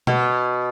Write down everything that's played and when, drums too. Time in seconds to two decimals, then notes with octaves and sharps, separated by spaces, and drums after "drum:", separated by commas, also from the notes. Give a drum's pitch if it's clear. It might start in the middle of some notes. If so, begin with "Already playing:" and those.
0.07 B2, drum: tom B2